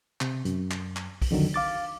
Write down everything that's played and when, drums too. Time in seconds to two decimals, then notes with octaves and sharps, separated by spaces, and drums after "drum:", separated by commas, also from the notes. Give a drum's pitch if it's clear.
0.21 C3, drum: clap
0.45 F#2, drum: hi-hat
0.71 drum: clap
0.96 drum: clap
1.22 drum: kick B1, open hi-hat
1.31 F2 D3 D#3 F#3
1.54 F5 D6 A6